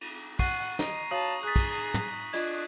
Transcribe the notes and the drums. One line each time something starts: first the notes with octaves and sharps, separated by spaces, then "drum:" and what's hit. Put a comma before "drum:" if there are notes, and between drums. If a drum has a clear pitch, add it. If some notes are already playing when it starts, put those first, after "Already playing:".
drum: cymbal
F#5 C#6 C7 D#7, drum: kick, cymbal
D#5 A#5, drum: snare
F#4 C#5 F5 A5 D#6 D#7 F#7
G#4 A#5 D#6 F#6 A6 B6
drum: kick, cymbal
drum: tom
D4 F4 D#5 G#6, drum: cymbal